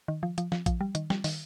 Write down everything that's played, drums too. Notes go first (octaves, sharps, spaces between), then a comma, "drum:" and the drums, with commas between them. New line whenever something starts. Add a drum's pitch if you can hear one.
D#3
F3
F3, drum: hi-hat
F3, drum: snare
F3, drum: kick, hi-hat
G3
D#3, drum: hi-hat
G3, drum: snare
D#3, drum: open hi-hat